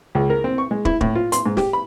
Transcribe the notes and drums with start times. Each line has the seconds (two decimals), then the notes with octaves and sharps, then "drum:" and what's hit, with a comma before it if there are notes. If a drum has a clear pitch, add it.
0.15 C#2
0.30 A#4
0.44 C4
0.58 C#6
0.71 G#3
0.85 E4, drum: kick
1.01 A2, drum: kick
1.15 F4
1.32 C6, drum: hi-hat
1.46 G#2
1.57 G4, drum: snare
1.73 B5